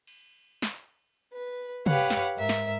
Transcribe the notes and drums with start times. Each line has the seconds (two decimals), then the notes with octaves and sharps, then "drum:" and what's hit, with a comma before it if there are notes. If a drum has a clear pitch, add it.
0.07 drum: cymbal
0.62 drum: snare
1.33 B4
1.86 G4 B4 C#5 F5 F#5, drum: tom
2.10 drum: snare
2.35 G#2 A#4 E5
2.49 drum: snare